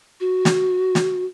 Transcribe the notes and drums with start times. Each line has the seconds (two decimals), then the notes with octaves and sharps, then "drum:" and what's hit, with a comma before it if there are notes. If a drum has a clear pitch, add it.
0.20 F#4
0.45 drum: snare
0.95 drum: snare